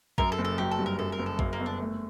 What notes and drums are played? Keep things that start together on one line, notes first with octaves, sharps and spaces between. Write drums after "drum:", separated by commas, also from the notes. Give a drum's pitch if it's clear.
F#2 A#4, drum: kick A1
A4
F#1
A4
F#3 G4
A4
G2
A#4
F#2 A4
A#4
F#1
A4
F#2 A#3, drum: kick A1
A#3
G1
D4
A3